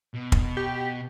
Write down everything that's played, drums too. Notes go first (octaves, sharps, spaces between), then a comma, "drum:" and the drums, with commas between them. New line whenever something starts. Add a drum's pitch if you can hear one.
B2
drum: kick
G4